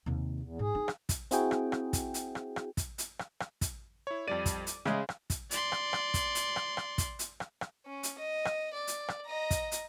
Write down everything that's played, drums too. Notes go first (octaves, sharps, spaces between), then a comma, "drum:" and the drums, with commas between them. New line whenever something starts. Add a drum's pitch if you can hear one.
D#2 C3
E2
G#2 G#4
D#4
drum: rim click
drum: kick, hi-hat
C4 E4 F#4 G#4 G5, drum: hi-hat
drum: rim click
drum: rim click
drum: kick, hi-hat
drum: hi-hat
drum: rim click
drum: rim click
drum: kick, hi-hat
drum: hi-hat
drum: rim click
drum: rim click
drum: kick, hi-hat
E4 C#5
F2 G3 D5 D#7
drum: kick, hi-hat
drum: hi-hat
C#3 G#3 G#4 E5 D#6, drum: rim click
drum: rim click
drum: kick, hi-hat
D5 C6, drum: hi-hat
drum: rim click
drum: rim click
drum: kick, hi-hat
drum: hi-hat
drum: rim click
drum: rim click
drum: kick, hi-hat
drum: hi-hat
drum: rim click
drum: rim click
C#4
drum: hi-hat
D#5
drum: rim click
D5
drum: hi-hat
drum: rim click
D#5 A#5
drum: kick, hi-hat
drum: hi-hat